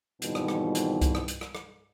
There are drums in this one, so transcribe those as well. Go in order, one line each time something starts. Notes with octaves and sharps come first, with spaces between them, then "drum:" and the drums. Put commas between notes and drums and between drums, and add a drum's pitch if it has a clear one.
F2 G#2 B2 D#3 E3 G3, drum: hi-hat
drum: rim click
drum: rim click
drum: hi-hat
drum: kick C2, hi-hat
drum: rim click
drum: hi-hat
drum: rim click
drum: rim click